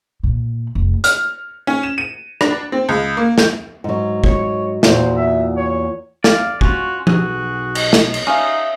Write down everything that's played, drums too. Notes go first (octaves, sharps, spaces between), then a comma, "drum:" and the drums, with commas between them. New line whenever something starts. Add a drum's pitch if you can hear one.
A#2
F1
F6, drum: hi-hat
C#4
E7
D#7
D4, drum: rim click
C4
C#2
A#3
G6, drum: snare
G#2 F#3
C#5, drum: kick
E2 A#2 F#4 C5, drum: snare
E5
C#5
D5 F5, drum: snare
C#4 F4 F#4, drum: kick
B1 F#4 G#4, drum: tom
D#5, drum: cymbal
drum: snare
drum: cymbal
C#4 D#4 E5 F5